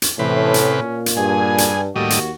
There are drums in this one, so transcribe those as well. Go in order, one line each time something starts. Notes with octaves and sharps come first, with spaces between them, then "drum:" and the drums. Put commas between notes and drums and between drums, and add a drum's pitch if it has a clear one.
drum: hi-hat
A2 C3 E3 C#4 B4
drum: hi-hat
A#2
drum: hi-hat
G2 G#4 G#5
drum: hi-hat
D#2 A2 G3 F#4 D#5
drum: hi-hat